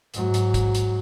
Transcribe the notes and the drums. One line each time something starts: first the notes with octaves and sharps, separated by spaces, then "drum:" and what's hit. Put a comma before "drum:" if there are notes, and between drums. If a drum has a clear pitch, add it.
G#2 F#3, drum: hi-hat
drum: hi-hat
drum: kick, hi-hat
drum: hi-hat